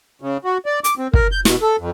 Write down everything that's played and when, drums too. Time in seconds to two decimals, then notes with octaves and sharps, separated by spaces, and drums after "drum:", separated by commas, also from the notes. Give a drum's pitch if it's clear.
0.21 C#3
0.45 F#4
0.66 D5
0.84 D6, drum: hi-hat
0.98 C4
1.13 A#4, drum: kick
1.32 G6
1.45 B2, drum: snare
1.62 A4
1.79 F2